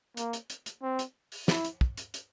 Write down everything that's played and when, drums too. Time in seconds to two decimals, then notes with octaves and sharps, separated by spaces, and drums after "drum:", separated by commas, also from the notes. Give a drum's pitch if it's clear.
0.17 A#3, drum: hi-hat
0.33 drum: hi-hat
0.50 drum: hi-hat
0.66 drum: hi-hat
0.83 C4
0.99 drum: hi-hat
1.32 drum: open hi-hat
1.48 E4, drum: snare
1.65 drum: hi-hat
1.81 drum: kick
1.97 drum: hi-hat
2.14 drum: hi-hat